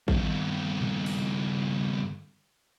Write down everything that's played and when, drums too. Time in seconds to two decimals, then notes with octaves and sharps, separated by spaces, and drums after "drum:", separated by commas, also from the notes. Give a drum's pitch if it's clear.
0.08 G2 D#3, drum: kick
0.81 drum: tom A2
1.06 drum: open hi-hat